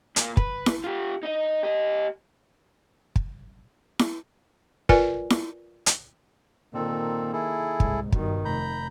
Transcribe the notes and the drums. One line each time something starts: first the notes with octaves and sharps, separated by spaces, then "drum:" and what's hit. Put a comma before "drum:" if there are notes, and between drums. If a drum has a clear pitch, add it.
A#2 A#3, drum: hi-hat
B4, drum: kick
drum: snare E4
F4 G4
D#4 D#5
G4 D#5
drum: kick
drum: snare E4
F4 A#4 B4 D5 G#5, drum: kick
drum: snare E4
drum: hi-hat
A#2 D#3 A#3 C4 A4
E4 G#4 A4
C2 G#2, drum: kick
G2 B2 D#3, drum: kick
F1 A#5 B5 G6